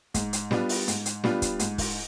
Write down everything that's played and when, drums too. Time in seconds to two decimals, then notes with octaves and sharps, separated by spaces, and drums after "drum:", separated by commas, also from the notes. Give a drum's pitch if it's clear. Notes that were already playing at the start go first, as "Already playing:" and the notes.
0.14 G#2, drum: kick, hi-hat
0.33 drum: hi-hat
0.51 G3 B3 D4 F4, drum: snare
0.69 drum: open hi-hat
0.88 G#2, drum: hi-hat
1.06 drum: hi-hat
1.24 G3 B3 D4 F4, drum: snare
1.42 drum: kick, hi-hat
1.59 G#2, drum: hi-hat
1.78 drum: kick, open hi-hat